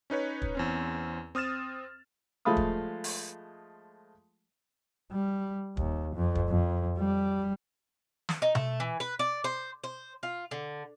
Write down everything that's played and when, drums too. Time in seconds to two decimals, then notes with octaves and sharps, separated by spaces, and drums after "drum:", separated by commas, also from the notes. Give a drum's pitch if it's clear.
0.10 C#4 D#4 B4 C#5
0.42 drum: kick
0.55 E2 C4 C#4
1.35 C4 D#6 F6 A6 E7
2.45 F3 G#3 A3 F5 B5 D#6
2.57 drum: kick
3.04 drum: open hi-hat
5.12 G3
5.77 D#2, drum: kick
6.16 F2
6.35 drum: kick
6.49 F2
6.98 G3
8.29 drum: snare
8.42 D#4
8.55 A3, drum: tom B2
8.80 E3
9.00 B4
9.19 D5
9.44 C5
9.84 C5
10.23 F4
10.51 D3